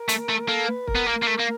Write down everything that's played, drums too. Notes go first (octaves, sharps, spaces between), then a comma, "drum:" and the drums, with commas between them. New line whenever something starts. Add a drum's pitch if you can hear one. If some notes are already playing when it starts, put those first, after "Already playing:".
Already playing: A#4
A3, drum: hi-hat
A3
A#3 A4
B4
A#4, drum: kick
B3
A#3 A#4
A#3
A3
A#3